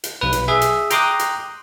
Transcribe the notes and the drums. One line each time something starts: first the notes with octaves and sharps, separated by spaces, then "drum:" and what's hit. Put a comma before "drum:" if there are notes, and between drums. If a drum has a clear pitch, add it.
drum: hi-hat
B1 B4
drum: hi-hat
G#4 E5
drum: hi-hat
G5 A#5 C6 D6 D#6 F#6, drum: hi-hat
drum: hi-hat